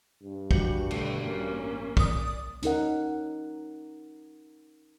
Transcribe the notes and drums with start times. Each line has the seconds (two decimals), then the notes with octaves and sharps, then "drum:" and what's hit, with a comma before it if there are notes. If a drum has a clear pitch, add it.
0.22 G2
0.51 F2 C#3 E3 G3 F#4, drum: kick
0.91 B2 D3 D#3 A3, drum: cymbal
1.24 A1 A#3 C#4
1.97 D5 D#6, drum: kick
2.63 C#4 D#4 A#4 F#5, drum: hi-hat